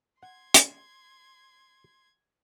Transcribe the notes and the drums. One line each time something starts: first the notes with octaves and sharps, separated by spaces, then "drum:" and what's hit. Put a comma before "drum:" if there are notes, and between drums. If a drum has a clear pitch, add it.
F#5 C6 G#6
drum: hi-hat